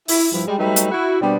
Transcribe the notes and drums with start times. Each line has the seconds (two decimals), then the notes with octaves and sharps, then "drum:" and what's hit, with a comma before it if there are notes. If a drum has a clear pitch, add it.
0.08 E4, drum: open hi-hat
0.32 G2 F3 E4
0.47 G3 G#3
0.59 F#3 G3 A3 D#4 B4 E5
0.76 drum: hi-hat
0.91 E4 F#4
1.22 B2 G3 B3 C4 D4